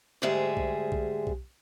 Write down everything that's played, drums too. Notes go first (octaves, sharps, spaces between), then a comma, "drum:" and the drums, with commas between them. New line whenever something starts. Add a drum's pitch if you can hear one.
D2 G#2 G3 G#3 G#4 E5
drum: kick B1
drum: kick B1
drum: kick B1